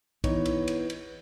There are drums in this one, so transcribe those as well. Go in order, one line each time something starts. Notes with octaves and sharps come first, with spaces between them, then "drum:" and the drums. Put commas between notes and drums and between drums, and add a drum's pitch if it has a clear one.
E3 B3 D#4 C#5, drum: kick, cymbal
drum: cymbal
drum: cymbal
drum: cymbal